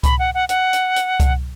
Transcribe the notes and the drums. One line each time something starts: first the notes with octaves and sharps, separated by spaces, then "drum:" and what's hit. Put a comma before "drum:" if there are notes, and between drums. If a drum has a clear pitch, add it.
B5, drum: kick C2, hi-hat
F#5
F#5
F#5, drum: hi-hat
drum: hi-hat
drum: hi-hat
drum: kick C2, hi-hat